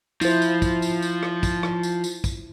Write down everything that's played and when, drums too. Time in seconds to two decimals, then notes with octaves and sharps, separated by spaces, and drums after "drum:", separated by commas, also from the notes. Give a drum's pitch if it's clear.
0.21 F3 E4 C5, drum: tambourine
0.42 drum: tambourine
0.62 drum: kick, tambourine
0.82 drum: tambourine
1.02 drum: tambourine
1.23 drum: rim click
1.43 drum: kick, tambourine
1.63 drum: rim click
1.83 drum: tambourine
2.04 drum: tambourine
2.24 drum: kick, tambourine